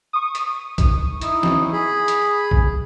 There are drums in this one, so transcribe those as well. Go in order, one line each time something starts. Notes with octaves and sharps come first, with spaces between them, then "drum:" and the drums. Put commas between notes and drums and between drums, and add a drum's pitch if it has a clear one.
C#6 D#6
drum: hi-hat
drum: kick, hi-hat
D#4 E4, drum: hi-hat
drum: snare F3
G#4 B5
drum: hi-hat
drum: kick